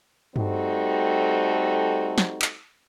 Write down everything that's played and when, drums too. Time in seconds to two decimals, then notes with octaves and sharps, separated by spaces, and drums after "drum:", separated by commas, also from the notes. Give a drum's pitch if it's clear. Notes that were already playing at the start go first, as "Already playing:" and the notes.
0.36 G3 A3 C4 D#4 F#4 A4, drum: tom G2
2.18 drum: snare
2.42 drum: clap